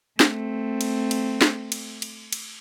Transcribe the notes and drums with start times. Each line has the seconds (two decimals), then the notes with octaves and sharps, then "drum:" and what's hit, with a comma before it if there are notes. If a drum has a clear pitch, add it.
0.20 A3 C4, drum: snare
0.81 drum: cymbal
1.11 drum: cymbal
1.41 drum: snare
1.72 drum: cymbal
2.02 drum: cymbal
2.33 drum: cymbal